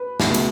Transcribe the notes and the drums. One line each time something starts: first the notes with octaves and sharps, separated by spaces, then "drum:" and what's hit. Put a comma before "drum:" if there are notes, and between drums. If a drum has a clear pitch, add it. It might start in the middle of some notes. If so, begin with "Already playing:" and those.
Already playing: B4
C#2 B2 A3, drum: snare
drum: cymbal